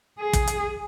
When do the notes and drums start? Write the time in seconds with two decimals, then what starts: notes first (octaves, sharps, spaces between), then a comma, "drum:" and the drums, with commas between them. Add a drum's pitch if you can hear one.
0.19 G#4
0.33 drum: kick, hi-hat
0.47 drum: hi-hat